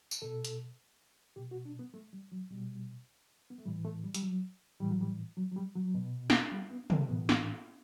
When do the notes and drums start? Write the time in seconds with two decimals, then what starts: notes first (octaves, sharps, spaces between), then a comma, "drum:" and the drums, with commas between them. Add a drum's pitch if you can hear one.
0.11 drum: tambourine
0.22 B2 A4
0.45 drum: hi-hat
1.36 B2 G4
1.51 F#4
1.65 D4
1.79 B3
1.94 A3
2.13 G3
2.32 F#3
2.51 B2 G3
3.50 B3
3.58 A3
3.65 A2 E3 G3
3.84 A3
4.04 G3
4.15 G3, drum: hi-hat
4.22 F#3
4.80 A2 E3 G3
4.91 F#3
5.01 G3
5.37 F#3
5.52 F#3
5.56 G3
5.75 F#3
5.94 B2
6.30 drum: snare
6.51 G3
6.71 B3
6.90 C4, drum: tom
7.02 A3
7.09 A2 E3 B3
7.29 drum: snare